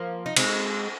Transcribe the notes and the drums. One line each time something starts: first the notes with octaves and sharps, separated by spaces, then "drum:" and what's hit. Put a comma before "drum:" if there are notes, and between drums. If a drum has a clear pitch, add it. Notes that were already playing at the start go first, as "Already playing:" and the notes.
Already playing: F3 A#3
D#4
G#3 C4, drum: cymbal